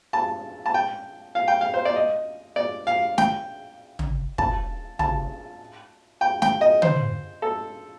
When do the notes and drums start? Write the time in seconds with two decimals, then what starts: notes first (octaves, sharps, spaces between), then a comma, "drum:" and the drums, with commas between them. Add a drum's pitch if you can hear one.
0.13 A5
0.66 A5
0.74 G5
1.35 F5
1.48 G5
1.61 F5
1.74 C5
1.85 D5
1.96 D#5
2.56 D5
2.87 F5
3.18 G5, drum: snare
3.99 drum: tom
4.38 A5, drum: kick
4.99 A5, drum: tom
6.21 G5
6.42 G5, drum: snare
6.61 D#5
6.82 C5, drum: tom
7.42 A4